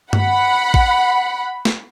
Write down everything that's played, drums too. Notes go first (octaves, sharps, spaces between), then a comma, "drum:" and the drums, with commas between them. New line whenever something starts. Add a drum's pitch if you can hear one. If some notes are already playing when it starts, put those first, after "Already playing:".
F#5 B5, drum: tom G2
drum: kick A1
drum: snare